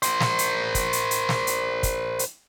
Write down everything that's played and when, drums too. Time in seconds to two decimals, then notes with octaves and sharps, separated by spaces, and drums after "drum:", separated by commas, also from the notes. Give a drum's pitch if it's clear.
0.02 A#4 C5, drum: hi-hat
0.20 drum: snare
0.39 drum: hi-hat
0.75 drum: kick, hi-hat
0.93 drum: hi-hat
1.11 drum: hi-hat
1.29 drum: snare
1.47 drum: hi-hat
1.83 drum: kick, hi-hat
2.19 drum: hi-hat